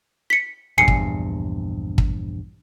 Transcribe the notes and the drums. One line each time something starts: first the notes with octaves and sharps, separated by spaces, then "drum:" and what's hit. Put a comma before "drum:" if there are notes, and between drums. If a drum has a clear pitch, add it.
B6 C#7
A#1 E2 G2 G#5 C7 C#7
drum: kick
drum: kick